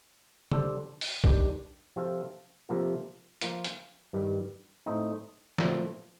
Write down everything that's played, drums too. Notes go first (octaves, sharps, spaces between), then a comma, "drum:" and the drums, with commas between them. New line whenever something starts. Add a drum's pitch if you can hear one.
G3 D4 A4 C5, drum: tom C3
drum: open hi-hat
D#3 G3 D4 G4, drum: kick
C3 F3 C4 F4 A4
C3 F3 A#3 F4 A4
F3 A#3 F4, drum: hi-hat
drum: hi-hat
G2 D#3 G3
A2 A3 C4 D#4
A#2 F3 A3 C4, drum: snare